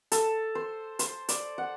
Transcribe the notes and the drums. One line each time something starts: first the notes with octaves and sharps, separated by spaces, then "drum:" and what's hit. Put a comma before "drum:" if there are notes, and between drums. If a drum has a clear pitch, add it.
A4, drum: hi-hat
C5
C5, drum: hi-hat
D5, drum: hi-hat
F#5